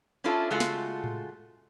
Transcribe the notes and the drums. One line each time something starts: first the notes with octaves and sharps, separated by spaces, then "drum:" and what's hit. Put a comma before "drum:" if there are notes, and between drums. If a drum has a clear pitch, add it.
C#4 D4 E4 F4 A4
C#3 G#3 A3 F4 F#4 A4
drum: snare
drum: tom A2